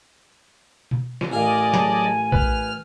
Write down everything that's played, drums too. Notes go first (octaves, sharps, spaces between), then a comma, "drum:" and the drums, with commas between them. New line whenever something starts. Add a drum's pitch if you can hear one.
drum: tom
drum: snare
A1 A#4 D5 D#5 F5 G#5
F#3 G#4 A5, drum: hi-hat
B4 F6, drum: kick